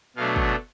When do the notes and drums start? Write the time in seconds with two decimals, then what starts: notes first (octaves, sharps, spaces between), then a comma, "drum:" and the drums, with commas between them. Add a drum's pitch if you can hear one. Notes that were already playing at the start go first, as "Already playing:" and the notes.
0.16 B2 F#3 A3 D4 F5
0.36 drum: kick